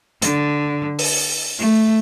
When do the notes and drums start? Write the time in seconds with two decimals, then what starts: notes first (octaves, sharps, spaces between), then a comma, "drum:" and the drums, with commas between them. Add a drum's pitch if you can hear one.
0.22 D3, drum: hi-hat
0.99 drum: open hi-hat
1.59 A3